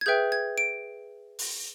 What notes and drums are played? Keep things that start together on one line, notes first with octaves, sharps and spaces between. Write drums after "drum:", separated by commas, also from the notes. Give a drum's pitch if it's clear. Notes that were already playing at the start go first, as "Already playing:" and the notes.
G#6
G#4 B4 E5 G5 G6
G#6
D7
drum: open hi-hat